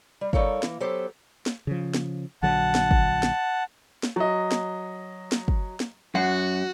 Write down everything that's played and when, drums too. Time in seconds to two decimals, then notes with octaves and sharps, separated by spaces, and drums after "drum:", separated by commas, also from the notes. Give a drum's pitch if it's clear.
0.21 G3
0.33 G3 D#4 A4 A#4 C#5 F5, drum: kick
0.63 E3 A#3, drum: snare
0.80 F#3 B3 G4 A4 C5
1.46 drum: snare
1.67 C#3 F3
1.94 drum: snare
2.43 A#1 D3 F#3 F#5 A5
2.75 drum: snare
2.91 drum: kick
3.23 drum: snare
4.03 drum: snare
4.16 F#3 D#5
4.52 drum: snare
5.32 drum: snare
5.48 drum: kick
5.80 drum: snare
6.15 F#2 F#4 F#5